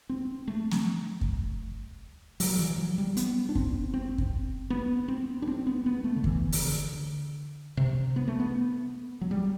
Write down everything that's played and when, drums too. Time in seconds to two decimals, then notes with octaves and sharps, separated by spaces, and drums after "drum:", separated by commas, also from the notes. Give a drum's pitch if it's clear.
0.09 C4
0.48 A3
0.72 drum: snare
1.21 drum: kick
2.40 F#3, drum: open hi-hat
2.59 E3
2.78 F#3
2.98 G3
3.17 B3, drum: hi-hat
3.49 D4
3.55 C4, drum: kick
3.94 C4
4.18 drum: kick
4.70 B3
5.08 C4
5.42 D4
5.47 C4
5.67 B3
5.86 B3
6.04 A3
6.16 D3
6.24 E3, drum: kick
6.52 drum: open hi-hat
6.63 D3
7.77 C3
8.16 B3
8.28 A3
8.40 B3
9.21 F#3
9.31 G3